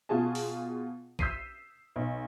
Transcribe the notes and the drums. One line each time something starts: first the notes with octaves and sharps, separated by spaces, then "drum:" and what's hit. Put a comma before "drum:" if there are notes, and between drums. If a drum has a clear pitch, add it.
B2 F4 F#4 G#4 G#5 A5
drum: open hi-hat
E6 G6 B6 C7 D#7, drum: kick
B1